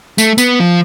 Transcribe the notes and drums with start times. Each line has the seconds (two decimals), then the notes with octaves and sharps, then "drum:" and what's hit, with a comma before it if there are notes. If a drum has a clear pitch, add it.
0.18 A3, drum: tambourine
0.38 B3, drum: tambourine
0.60 F3